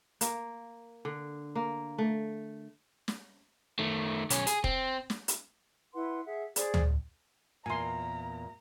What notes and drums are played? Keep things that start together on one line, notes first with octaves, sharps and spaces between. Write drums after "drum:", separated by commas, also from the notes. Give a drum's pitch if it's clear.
A#3, drum: hi-hat
D3
A#3
A3
drum: snare
D#3 A3
B1 C#4, drum: hi-hat
G#4, drum: hi-hat
C4, drum: kick
drum: snare
drum: hi-hat
E4 B4 F#5 C6
G#4 E5 F#5
G#4 C5 D5, drum: hi-hat
drum: tom
E2 A#2 G#5 A#5 C6